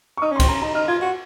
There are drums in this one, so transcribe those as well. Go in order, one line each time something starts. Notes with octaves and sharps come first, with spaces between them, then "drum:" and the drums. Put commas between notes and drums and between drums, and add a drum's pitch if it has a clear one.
C#6
D#4 D#6
C#4
C6
C4, drum: kick, cymbal
C#4 A#5
D#4 A#5
D#4 F6
F4 G#6
F#4